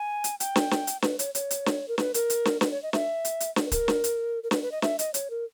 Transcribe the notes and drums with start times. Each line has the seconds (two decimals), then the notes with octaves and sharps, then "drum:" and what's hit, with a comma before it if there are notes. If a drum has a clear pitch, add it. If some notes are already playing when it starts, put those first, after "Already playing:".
Already playing: G#5
0.24 drum: hi-hat
0.40 G5, drum: hi-hat
0.56 drum: snare
0.71 drum: snare
0.87 drum: hi-hat
1.02 B4, drum: snare
1.19 C#5, drum: hi-hat
1.35 C#5, drum: hi-hat
1.50 drum: hi-hat
1.66 drum: snare
1.88 A#4
1.98 B4, drum: snare
2.14 A#4, drum: hi-hat
2.30 drum: hi-hat
2.45 drum: snare
2.61 B4, drum: snare
2.71 C#5
2.83 D#5
2.93 E5, drum: snare
3.25 drum: hi-hat
3.40 drum: hi-hat
3.56 drum: snare
3.66 B4
3.72 A#4, drum: kick, hi-hat
3.88 drum: snare
4.04 drum: hi-hat
4.43 A#4
4.51 B4, drum: snare
4.62 B4
4.72 D#5
4.82 E5, drum: snare
4.99 D#5, drum: hi-hat
5.14 C#5, drum: hi-hat
5.30 A#4